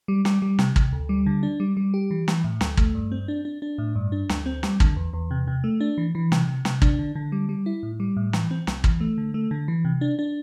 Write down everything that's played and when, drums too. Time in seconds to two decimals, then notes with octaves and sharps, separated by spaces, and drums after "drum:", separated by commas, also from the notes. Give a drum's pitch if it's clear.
0.08 G3
0.25 G3, drum: snare
0.42 G3
0.59 C3, drum: snare
0.76 C3, drum: kick
0.92 D2
1.09 G3
1.26 D3
1.43 D4
1.60 G3
1.77 G3
1.94 G4
2.11 E3
2.28 E3, drum: snare
2.44 A2
2.61 D2, drum: snare
2.77 A3, drum: kick
2.95 G2
3.12 C4
3.28 D4
3.45 D4
3.62 D4
3.78 A2
3.95 G2
4.12 D4
4.29 D2, drum: snare
4.46 C4
4.63 G3, drum: snare
4.80 D3, drum: kick
4.96 E2
5.13 E2
5.31 C3
5.47 C3
5.64 A3
5.80 D4
5.98 E3
6.15 E3
6.32 C3, drum: snare
6.48 C3
6.65 C3, drum: snare
6.82 D4, drum: kick
6.99 D3
7.15 D3
7.32 G3
7.49 G3
7.66 E4
7.83 A2
8.00 G3
8.17 A2
8.33 E3, drum: snare
8.51 C4
8.67 C2, drum: snare
8.84 E3, drum: kick
9.00 A3
9.18 D3
9.34 A3
9.51 D3
9.68 E3
9.85 C3
10.01 D4
10.19 D4